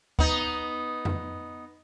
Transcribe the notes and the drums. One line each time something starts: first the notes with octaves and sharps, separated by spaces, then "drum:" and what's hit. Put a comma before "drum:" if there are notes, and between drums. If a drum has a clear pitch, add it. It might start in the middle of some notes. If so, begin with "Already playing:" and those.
B3 D#4, drum: kick D2
drum: tom F2